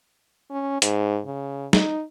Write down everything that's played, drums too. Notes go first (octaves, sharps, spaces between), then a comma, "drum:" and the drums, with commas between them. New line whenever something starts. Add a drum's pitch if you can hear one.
C#4
G#2, drum: hi-hat
C#3
D#4, drum: snare